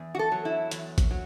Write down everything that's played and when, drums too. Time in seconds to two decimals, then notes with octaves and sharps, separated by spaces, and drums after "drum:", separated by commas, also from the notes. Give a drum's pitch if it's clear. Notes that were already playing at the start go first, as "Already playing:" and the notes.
Already playing: E2
0.15 F#4
0.19 A4
0.32 F#3
0.45 E4
0.71 E2, drum: hi-hat
0.98 drum: kick, hi-hat
1.11 F#3